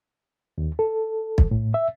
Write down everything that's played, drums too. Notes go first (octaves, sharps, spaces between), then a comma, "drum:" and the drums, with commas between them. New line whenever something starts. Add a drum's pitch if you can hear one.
D#2
A4
drum: kick
A2
E5